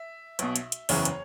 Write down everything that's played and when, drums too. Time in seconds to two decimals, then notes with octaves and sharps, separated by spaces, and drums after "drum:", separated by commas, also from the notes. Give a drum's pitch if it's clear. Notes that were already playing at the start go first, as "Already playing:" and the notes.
Already playing: E5
0.39 B1 B2, drum: hi-hat
0.56 drum: hi-hat
0.72 drum: hi-hat
0.89 F#1 E2 C#3 E3 C#5, drum: open hi-hat
1.05 drum: hi-hat